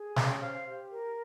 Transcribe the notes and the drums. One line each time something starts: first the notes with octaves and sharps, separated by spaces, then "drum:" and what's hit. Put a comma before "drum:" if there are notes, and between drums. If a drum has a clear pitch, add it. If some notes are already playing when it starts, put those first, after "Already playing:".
Already playing: G#4
C#4 F5, drum: snare
G5
C5 F5
G4
A#4